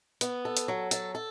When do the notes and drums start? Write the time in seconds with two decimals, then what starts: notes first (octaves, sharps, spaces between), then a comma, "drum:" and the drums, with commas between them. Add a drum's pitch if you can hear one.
0.21 B3, drum: hi-hat
0.45 A4
0.57 drum: hi-hat
0.68 F#3
0.91 A4, drum: hi-hat
1.15 A4